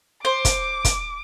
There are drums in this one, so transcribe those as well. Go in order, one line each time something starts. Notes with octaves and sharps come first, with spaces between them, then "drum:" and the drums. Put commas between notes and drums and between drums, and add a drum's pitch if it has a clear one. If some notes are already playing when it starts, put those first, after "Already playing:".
C5 D6
drum: kick, hi-hat
drum: kick, hi-hat